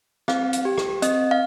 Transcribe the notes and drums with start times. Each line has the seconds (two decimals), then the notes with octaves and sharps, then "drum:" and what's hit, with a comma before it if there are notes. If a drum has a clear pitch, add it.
0.28 C4 F5, drum: rim click
0.53 drum: hi-hat
0.65 G4
0.78 drum: rim click
1.02 C4 D#5, drum: hi-hat
1.31 F5